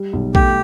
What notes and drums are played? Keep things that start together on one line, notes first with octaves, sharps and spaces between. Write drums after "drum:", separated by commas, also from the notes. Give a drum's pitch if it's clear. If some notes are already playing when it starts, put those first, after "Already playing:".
Already playing: G3
B1
A3 G4, drum: kick